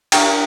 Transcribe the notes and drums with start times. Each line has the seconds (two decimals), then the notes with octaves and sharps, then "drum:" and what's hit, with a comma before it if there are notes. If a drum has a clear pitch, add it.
0.12 D4 G4 A#4 G5 A#5, drum: cymbal